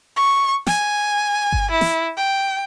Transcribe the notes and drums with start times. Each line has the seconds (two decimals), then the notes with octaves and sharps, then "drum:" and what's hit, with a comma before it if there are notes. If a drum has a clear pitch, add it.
0.16 C#6
0.67 G#5, drum: snare
1.52 drum: kick G1
1.71 E4
1.81 drum: snare
2.17 G5